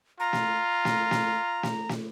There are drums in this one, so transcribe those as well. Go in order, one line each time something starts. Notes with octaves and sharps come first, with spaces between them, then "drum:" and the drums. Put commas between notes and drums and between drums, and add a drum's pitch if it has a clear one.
F4 A#5
drum: snare
drum: snare
drum: snare
drum: snare
drum: snare